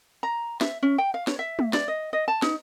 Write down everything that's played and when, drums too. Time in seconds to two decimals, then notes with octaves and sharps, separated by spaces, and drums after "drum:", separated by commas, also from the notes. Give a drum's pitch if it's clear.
0.23 A#5
0.61 E5, drum: snare
0.83 C#4
0.98 G5
1.14 F5
1.27 C#5, drum: snare
1.39 E5
1.59 drum: tom
1.73 D5, drum: snare
1.88 D#5
2.13 D#5
2.28 A5
2.42 D#4, drum: snare